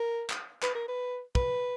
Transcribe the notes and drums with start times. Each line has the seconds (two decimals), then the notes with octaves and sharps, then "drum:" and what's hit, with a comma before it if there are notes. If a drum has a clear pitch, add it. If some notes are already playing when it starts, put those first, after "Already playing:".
Already playing: A#4
0.30 drum: clap
0.62 B4, drum: clap
0.75 A#4
0.88 B4
1.35 B4, drum: kick